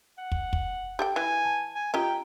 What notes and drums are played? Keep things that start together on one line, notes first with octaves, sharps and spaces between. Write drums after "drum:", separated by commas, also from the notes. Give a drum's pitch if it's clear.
F#5
drum: kick
drum: kick
G4 A4 G5
E3 G#5
A5
G#5
C#4 F4 G4 D#5 G5 A#5